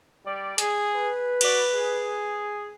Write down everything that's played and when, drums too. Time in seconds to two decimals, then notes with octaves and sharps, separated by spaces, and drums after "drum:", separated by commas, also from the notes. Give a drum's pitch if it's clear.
0.25 G3 D5
0.58 G#4, drum: hi-hat
0.96 B4
1.41 F#4 D5 B5, drum: cymbal
1.72 G#4